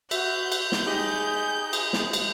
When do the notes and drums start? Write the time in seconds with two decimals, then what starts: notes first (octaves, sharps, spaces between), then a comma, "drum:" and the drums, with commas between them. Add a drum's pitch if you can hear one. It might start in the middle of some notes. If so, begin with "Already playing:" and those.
0.11 F#4 E5 G6, drum: cymbal
0.52 drum: cymbal
0.72 drum: snare
0.86 D#4 G4 G#4 D#5
1.73 drum: cymbal
1.93 drum: snare
2.13 drum: cymbal